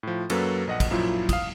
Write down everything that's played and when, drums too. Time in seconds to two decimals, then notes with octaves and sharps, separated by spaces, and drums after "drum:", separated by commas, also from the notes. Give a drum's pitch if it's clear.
0.03 A2 F3
0.30 F#2 F#3 A#3 F#4 A4 B4, drum: cymbal
0.67 A#1 D#5 F#5
0.80 drum: kick, cymbal
0.90 F#2 A#2 F3 F#3 E4 F4
1.29 F5 D#6, drum: kick, cymbal